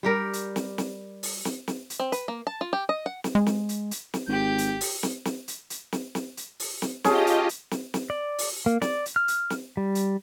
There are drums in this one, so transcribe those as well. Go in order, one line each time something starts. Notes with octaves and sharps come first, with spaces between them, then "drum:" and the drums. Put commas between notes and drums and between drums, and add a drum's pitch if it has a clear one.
G3 G4 A#4
drum: hi-hat
drum: snare
drum: snare
drum: open hi-hat
drum: snare
drum: snare
drum: hi-hat
C4
B4, drum: hi-hat
A#3
A5
F4
G4
D#5
F#5
drum: snare
G#3
drum: snare
drum: hi-hat
drum: hi-hat
drum: snare
G#1 G4 G6
drum: hi-hat
drum: open hi-hat
drum: snare
drum: snare
drum: hi-hat
drum: hi-hat
drum: snare
drum: snare
drum: hi-hat
drum: open hi-hat
drum: snare
C#4 F4 G4 G#4 D#5 A5, drum: snare
drum: hi-hat
drum: hi-hat
drum: snare
drum: snare
D5
drum: open hi-hat
A#3
D5, drum: snare
drum: hi-hat
F6
drum: hi-hat
drum: snare
G3
drum: hi-hat